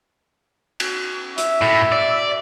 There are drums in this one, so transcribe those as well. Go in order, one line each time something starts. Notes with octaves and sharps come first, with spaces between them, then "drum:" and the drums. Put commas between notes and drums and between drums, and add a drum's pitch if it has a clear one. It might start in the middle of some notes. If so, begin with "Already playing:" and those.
drum: cymbal
E5, drum: hi-hat
A2
D5